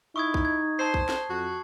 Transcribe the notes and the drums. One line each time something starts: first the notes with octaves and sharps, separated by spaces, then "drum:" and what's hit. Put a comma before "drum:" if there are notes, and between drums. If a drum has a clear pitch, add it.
D#4 E4 C#6 D#6 G#6
drum: kick
G#6
C5 A5 C7
drum: kick
drum: snare
F2 F#4